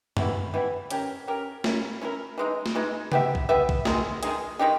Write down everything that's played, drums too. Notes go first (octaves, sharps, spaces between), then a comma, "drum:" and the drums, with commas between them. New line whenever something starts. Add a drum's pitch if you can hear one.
E3 G3 B3 E4, drum: tom
E3 G3 B3 E4
C#4 G4 A#4, drum: hi-hat
C#4 G4 A#4
C#4 E4 A#4, drum: snare
C#4 E4 A#4
E3 G#3 D#4
drum: snare
E3 G#3 D#4
B3 G4 B4 E5, drum: tom C#3
drum: kick
B3 G4 B4 E5
drum: kick
D#3 G#3 D#4 G#4, drum: snare
D#3 G#3 D#4 G#4, drum: hi-hat
D#3 G#3 D#4 G4